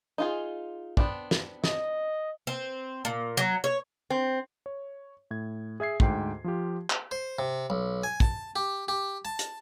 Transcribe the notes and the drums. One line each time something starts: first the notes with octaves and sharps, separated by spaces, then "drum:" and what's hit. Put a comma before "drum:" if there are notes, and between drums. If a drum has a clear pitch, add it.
D#4 F4 G#4
B3 C4 D4, drum: kick
drum: snare
D#5, drum: snare
C4
A#2
F#3
C#5
C4
C#5
A2 G#6
G#4 E5 G#6 C7
D2 G#2 G5 C7, drum: kick
F3 F4 G4
drum: clap
C5
C3
B1
G#5
A5, drum: kick
G4
G4
A5
drum: hi-hat